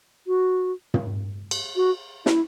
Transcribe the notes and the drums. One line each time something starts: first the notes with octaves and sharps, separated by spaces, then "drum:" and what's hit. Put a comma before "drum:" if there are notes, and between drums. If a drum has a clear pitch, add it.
F#4
drum: tom
drum: cymbal
F#4
E4, drum: snare